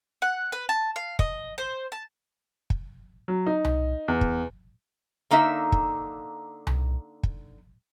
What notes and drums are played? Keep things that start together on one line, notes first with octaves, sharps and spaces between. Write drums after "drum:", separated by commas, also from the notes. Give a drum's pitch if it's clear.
F#5
B4
A5
F5
D#5, drum: kick
C5
A5
drum: kick
F#3
D#4
drum: tom C2
E2
drum: kick
D3 A#3 D#4 E5
drum: kick
drum: tom C2
drum: kick